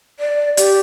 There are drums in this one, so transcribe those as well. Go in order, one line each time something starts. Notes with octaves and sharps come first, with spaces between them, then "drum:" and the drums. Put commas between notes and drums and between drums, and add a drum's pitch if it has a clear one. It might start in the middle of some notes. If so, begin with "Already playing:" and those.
D5
G4, drum: hi-hat